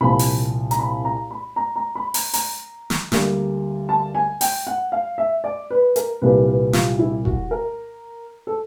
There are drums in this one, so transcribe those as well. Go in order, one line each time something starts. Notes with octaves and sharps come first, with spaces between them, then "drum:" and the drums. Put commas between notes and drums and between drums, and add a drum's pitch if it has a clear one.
C2 A#2 F3 B5
drum: open hi-hat
A#5, drum: hi-hat
B5
A#5
B5
A#5
A#5
B5
A#5, drum: open hi-hat
A#5, drum: open hi-hat
drum: snare
D2 D3 G3 A#3, drum: snare
A5
G#5
G5, drum: open hi-hat
F#5
F5
E5
D5
B4
A#4, drum: hi-hat
C2 A#2 G3 A#3 B4
B4
F4, drum: snare
E4
F#4, drum: kick E1
A#4
A4